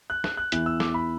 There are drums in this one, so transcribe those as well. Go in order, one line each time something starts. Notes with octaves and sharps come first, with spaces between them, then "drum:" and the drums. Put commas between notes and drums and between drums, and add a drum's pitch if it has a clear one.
F#6
F#6, drum: snare
F#6
E2 E3 F#6, drum: hi-hat
E6
D6, drum: snare
B5